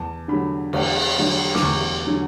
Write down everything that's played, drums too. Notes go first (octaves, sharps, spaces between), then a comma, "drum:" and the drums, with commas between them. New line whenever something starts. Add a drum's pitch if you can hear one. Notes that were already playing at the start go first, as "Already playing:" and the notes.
Already playing: E2 A5
D3 F#3 B5
E2, drum: cymbal
D3 F#3
D6, drum: snare
E2 C#6
D3 F#3